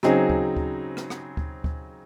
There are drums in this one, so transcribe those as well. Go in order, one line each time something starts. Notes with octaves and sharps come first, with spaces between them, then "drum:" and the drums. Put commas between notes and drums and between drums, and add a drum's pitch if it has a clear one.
C#3 F#3 C4 D#4 G#4, drum: rim click
drum: kick D2
drum: kick D2
drum: rim click
drum: rim click
drum: kick D2
drum: kick D2